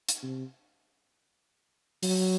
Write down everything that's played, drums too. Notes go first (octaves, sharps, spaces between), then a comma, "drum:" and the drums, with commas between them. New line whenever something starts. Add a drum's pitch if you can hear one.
drum: hi-hat
C3
F#3, drum: open hi-hat